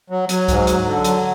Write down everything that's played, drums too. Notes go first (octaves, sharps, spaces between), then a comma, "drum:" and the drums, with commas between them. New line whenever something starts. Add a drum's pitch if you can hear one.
F#3
F#3, drum: hi-hat
G#2, drum: kick C2, hi-hat
F#3, drum: hi-hat
D3
F#3, drum: hi-hat